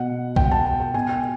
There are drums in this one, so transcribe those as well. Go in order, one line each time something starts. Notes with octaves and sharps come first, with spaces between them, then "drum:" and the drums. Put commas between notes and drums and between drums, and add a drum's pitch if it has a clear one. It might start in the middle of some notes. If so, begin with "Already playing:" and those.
Already playing: B2 F#5
G5, drum: kick A#1
A5
A5
G5
B2 G#5
G5